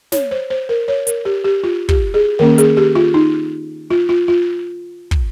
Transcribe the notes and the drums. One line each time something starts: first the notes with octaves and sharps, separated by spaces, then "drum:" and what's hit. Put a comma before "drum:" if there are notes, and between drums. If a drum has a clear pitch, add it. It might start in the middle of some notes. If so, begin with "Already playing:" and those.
C#5, drum: snare
C5
C5
A#4
C#5
A#4, drum: hi-hat
G4
G4
F4
G4, drum: kick
G#4
D#3 A#3 C#4 A#4
G#4, drum: hi-hat
G4
F4
D#4
F4
F4
F4
drum: kick